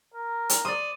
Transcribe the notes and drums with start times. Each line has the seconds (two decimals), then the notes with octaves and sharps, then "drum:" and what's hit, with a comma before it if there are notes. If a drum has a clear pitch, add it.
0.14 A#4
0.50 drum: hi-hat
0.65 D5 C6 D#6